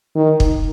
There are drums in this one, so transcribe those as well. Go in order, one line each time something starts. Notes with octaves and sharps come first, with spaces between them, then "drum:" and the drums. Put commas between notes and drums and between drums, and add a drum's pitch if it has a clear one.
D#3
drum: kick